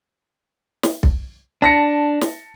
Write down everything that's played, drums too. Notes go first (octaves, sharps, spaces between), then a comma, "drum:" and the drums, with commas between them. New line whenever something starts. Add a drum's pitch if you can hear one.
drum: snare
drum: kick B1
D4 A5 A#6 C#7
drum: snare